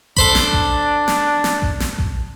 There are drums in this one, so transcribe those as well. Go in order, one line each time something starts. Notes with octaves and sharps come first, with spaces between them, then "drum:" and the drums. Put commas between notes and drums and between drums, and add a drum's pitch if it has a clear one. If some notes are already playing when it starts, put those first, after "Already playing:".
D4 A4 C5 B5, drum: kick A1
drum: snare
drum: kick A1
drum: snare
drum: snare
drum: kick A1
drum: snare
drum: kick A1